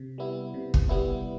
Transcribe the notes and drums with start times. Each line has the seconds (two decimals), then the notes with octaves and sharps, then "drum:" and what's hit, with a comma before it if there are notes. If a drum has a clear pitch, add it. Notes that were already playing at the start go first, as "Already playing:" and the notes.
Already playing: C3
0.18 G3 B3 E4
0.54 C3
0.74 drum: kick
0.89 G3 B3 E4